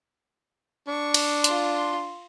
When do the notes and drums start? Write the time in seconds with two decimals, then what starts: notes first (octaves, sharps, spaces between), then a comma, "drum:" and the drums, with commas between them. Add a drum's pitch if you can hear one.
0.88 D4 C#6
1.14 drum: cymbal
1.44 F4 C6, drum: hi-hat